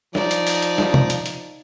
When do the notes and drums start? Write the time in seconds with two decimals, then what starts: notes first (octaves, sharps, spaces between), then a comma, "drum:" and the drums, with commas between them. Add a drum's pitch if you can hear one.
0.15 F3 D#4 D5, drum: snare
0.31 drum: hi-hat
0.47 drum: open hi-hat
0.62 drum: hi-hat
0.78 drum: snare
0.94 drum: tom
1.10 drum: hi-hat
1.26 drum: hi-hat